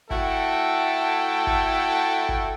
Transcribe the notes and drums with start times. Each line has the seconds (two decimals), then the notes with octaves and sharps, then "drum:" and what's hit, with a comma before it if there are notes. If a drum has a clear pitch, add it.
0.10 A3 E4 F#4 A4 G5, drum: kick F#1
1.47 drum: kick F#1
2.29 drum: kick F#1